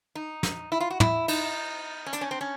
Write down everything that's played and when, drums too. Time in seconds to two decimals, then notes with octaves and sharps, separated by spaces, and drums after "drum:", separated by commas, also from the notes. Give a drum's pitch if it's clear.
0.15 D#4
0.43 drum: snare
0.72 E4
0.80 F4
0.90 F#4
1.00 E4, drum: tom
1.28 D#4, drum: cymbal
2.06 C#4
2.13 D4, drum: hi-hat
2.21 C#4
2.31 C4
2.41 C#4